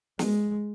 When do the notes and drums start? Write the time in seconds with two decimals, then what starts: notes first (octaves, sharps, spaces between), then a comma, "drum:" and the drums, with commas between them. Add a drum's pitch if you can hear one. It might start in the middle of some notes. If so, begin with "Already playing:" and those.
0.19 G#3, drum: snare